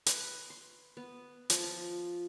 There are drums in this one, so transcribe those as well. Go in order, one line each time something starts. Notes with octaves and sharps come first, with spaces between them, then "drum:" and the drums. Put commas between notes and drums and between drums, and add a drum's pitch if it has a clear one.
B4, drum: hi-hat
C6
B3
F3, drum: hi-hat
F4